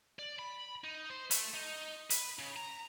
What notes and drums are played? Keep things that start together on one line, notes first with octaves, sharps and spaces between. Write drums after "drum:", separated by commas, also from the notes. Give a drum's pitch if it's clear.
D5
B5
D#4
C5
A3, drum: hi-hat
D#4
B4, drum: hi-hat
C#3
A#5